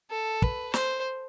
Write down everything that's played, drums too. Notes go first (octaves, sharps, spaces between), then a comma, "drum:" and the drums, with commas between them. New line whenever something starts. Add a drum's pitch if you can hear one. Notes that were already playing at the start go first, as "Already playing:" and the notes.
A4
B4, drum: kick
C5, drum: snare